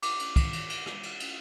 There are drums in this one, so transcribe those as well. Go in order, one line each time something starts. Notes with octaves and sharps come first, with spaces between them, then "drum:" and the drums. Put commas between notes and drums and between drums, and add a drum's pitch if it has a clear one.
D6, drum: cymbal
drum: cymbal
drum: kick, cymbal
drum: cymbal
drum: cymbal
drum: rim click
drum: cymbal
drum: cymbal